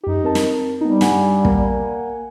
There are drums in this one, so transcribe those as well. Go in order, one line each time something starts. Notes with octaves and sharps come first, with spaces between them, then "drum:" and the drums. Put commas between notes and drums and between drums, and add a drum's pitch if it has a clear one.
F#2 D#4 G4
C4 A#4 A5
drum: snare
G3 B3 D#4
G2 F#5 G#5, drum: snare
A#3, drum: kick